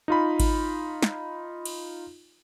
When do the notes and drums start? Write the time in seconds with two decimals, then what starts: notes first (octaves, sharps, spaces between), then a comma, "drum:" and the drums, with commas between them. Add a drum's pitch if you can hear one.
0.08 D#4 F4 B5
0.40 drum: kick G#1, cymbal
1.03 drum: snare
1.65 drum: cymbal